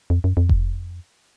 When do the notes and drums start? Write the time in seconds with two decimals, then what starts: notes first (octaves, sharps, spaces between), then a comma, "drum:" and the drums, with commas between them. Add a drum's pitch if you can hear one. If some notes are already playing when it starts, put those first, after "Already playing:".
0.10 F2
0.24 F#2
0.37 F2
0.49 drum: kick F1